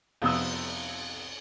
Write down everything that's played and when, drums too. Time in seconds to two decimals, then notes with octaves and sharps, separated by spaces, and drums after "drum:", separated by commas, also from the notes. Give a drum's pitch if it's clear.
0.22 F2 C3 B3 D#6 E6, drum: cymbal